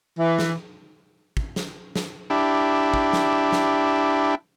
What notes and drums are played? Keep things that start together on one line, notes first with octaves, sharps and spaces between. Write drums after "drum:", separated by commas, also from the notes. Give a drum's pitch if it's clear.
E3
drum: snare
drum: kick
drum: snare
drum: snare
D4 E4 G4
drum: kick
drum: snare
drum: snare